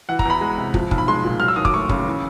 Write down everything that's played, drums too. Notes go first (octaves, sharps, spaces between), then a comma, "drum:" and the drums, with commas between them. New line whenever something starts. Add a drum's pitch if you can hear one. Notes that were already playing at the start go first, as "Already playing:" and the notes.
E3 F#5
A#5, drum: kick
E2 B5
G#3
C3
F3, drum: kick
B1, drum: kick
B5
G#3 C6
A#2
F#3 F6
E6
D#2 D#6
D6, drum: kick
A3 C#6
C#3, drum: kick
E3